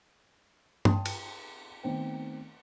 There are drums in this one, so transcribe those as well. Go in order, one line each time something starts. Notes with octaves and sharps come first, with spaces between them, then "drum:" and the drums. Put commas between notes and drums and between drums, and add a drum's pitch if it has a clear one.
G5 A5 C6 D#6, drum: tom
drum: cymbal
D#3 A3 B3 C4 C5 G5